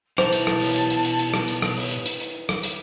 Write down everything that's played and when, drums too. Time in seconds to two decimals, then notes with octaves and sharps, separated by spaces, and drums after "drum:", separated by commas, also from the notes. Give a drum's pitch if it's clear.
0.18 B2 E3 C5 A5 A#5, drum: rim click
0.33 drum: hi-hat
0.47 drum: rim click
0.61 drum: open hi-hat
0.76 drum: hi-hat
0.90 drum: hi-hat
1.05 drum: hi-hat
1.19 drum: hi-hat
1.34 drum: rim click
1.48 drum: hi-hat
1.62 drum: rim click
1.77 drum: open hi-hat
1.91 drum: hi-hat
2.06 drum: hi-hat
2.20 drum: hi-hat
2.49 drum: rim click
2.63 drum: hi-hat